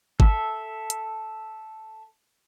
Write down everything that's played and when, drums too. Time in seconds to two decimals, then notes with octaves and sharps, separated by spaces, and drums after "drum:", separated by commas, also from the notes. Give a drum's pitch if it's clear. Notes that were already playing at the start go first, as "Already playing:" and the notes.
0.20 A4 E5, drum: kick G#1
0.90 drum: hi-hat